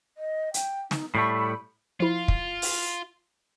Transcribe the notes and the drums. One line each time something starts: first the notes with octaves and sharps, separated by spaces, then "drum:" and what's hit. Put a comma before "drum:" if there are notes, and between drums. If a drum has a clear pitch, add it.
D#5
G5, drum: hi-hat
D#4, drum: snare
A2 G3 A3 C#6
B5
F3 E4 F4
drum: kick
drum: open hi-hat